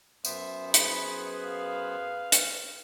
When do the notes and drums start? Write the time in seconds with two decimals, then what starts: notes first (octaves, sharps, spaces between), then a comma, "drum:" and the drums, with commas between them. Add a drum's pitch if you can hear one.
0.25 F#2 B3 C5 E5, drum: tambourine
0.74 G#4 B4 B5, drum: hi-hat
1.45 F5
2.32 drum: hi-hat